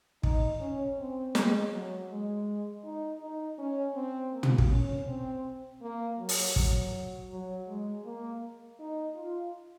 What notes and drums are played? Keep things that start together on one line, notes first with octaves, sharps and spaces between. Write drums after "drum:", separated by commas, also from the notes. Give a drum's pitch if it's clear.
D#4, drum: kick
C#4
C4
G#3, drum: snare
F#3
G#3
D#4
D#4
C#4
C4
A#3
drum: tom
drum: kick
C#4
C4
A#3
F#3
drum: open hi-hat
F#3, drum: kick
F#3
G#3
A#3
D#4
F4